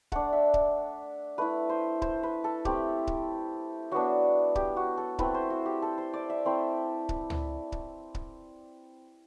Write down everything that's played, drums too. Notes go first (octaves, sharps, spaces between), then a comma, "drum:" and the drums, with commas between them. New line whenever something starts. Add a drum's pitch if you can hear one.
A3 D4 F#5, drum: kick C#1
E5
drum: kick C#1
A3 E4 B4
C5
C5, drum: kick C#1
B4
A4
A3 C4 E4 G4, drum: kick C#1
drum: kick C#1
F#3 B3 D4 F#4
G4, drum: kick C#1
F#4
A4
A3 C4 E4 B4, drum: kick C#1
C5
F#4
G4
A4
C5
D5
E5
A3 C4 E4 C5
drum: kick C#1
drum: tom C#2
drum: kick C#1
drum: kick C#1